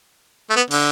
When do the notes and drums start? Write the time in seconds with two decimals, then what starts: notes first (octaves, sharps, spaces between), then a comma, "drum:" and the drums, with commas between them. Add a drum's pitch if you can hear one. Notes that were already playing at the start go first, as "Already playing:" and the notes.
0.50 A3
0.56 B3
0.71 D3, drum: open hi-hat